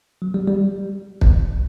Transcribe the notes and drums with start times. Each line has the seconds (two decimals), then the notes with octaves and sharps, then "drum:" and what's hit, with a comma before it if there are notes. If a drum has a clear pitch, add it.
0.22 F#3
0.34 G3
0.47 G3
1.21 drum: kick